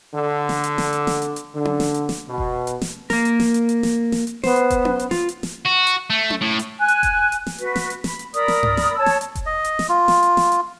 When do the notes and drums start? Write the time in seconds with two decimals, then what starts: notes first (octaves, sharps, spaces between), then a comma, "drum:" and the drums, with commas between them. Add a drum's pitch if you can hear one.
0.14 D3
0.49 drum: snare
0.64 drum: hi-hat
0.78 drum: snare
0.93 drum: hi-hat
1.07 drum: snare
1.22 drum: hi-hat
1.36 drum: hi-hat
1.54 D3
1.65 drum: tom C#4
1.80 drum: snare
1.94 drum: hi-hat
2.09 drum: snare
2.28 B2
2.38 drum: kick F1
2.67 drum: hi-hat
2.82 drum: snare
3.10 A#3 A#4, drum: snare
3.25 drum: hi-hat
3.40 drum: snare
3.54 drum: hi-hat
3.69 drum: hi-hat
3.83 drum: snare
4.12 drum: snare
4.27 drum: hi-hat
4.44 B3 C5, drum: snare
4.56 drum: hi-hat
4.70 drum: kick F1, hi-hat
4.85 drum: tom C#4
4.99 drum: hi-hat
5.11 F4, drum: snare
5.29 drum: hi-hat
5.43 drum: snare
5.65 F#4
5.87 drum: hi-hat
6.10 A3
6.30 drum: tom C#4
6.42 A2
6.59 drum: hi-hat
6.78 G#5 F#6
6.88 drum: hi-hat
7.03 drum: kick F1, hi-hat
7.32 drum: hi-hat
7.47 drum: snare
7.58 F#4 B4, drum: hi-hat
7.76 drum: snare
7.90 drum: hi-hat
8.04 B5, drum: snare
8.19 drum: hi-hat
8.34 A#4 D5 B5 D#6, drum: hi-hat
8.48 drum: snare
8.63 drum: tom G2
8.77 drum: snare
8.96 C#5 A5 E6
9.06 drum: snare
9.21 drum: hi-hat
9.35 drum: kick F1, hi-hat
9.46 D#5
9.64 drum: hi-hat
9.79 drum: snare
9.89 F4
10.08 drum: snare
10.23 drum: hi-hat
10.37 drum: snare
10.52 drum: hi-hat